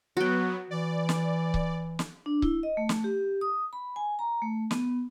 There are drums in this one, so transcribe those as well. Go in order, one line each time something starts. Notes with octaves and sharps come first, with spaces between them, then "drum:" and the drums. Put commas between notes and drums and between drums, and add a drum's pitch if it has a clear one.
F#3 B3 F#4 G5
E3 D5
drum: snare
drum: kick C#1
drum: snare
D4
E4, drum: kick C#1
D#5
A3
drum: snare
G4
D#6
B5
G#5
A#5
A3
B3, drum: snare